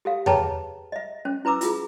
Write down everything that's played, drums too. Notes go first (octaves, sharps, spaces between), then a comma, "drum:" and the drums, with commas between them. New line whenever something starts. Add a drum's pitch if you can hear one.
G4 A4 F5
G#4 B4 C#5 G5 A5 A#5, drum: tom E2
D#5 E5
C#4 C5
E4 B4 A#5 D6 E6
E4 F4 G#4, drum: hi-hat